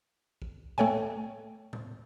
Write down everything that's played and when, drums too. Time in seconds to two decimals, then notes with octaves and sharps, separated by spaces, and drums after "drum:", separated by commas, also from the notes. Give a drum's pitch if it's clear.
0.42 drum: kick
0.78 A3 A4 C#5 G5 G#5, drum: tom A2
1.73 drum: tom A2